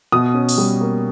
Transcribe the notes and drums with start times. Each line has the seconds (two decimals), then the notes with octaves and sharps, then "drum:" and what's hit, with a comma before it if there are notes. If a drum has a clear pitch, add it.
0.12 B2 D#6
0.34 C#4
0.49 drum: open hi-hat
0.58 G3
0.81 A#3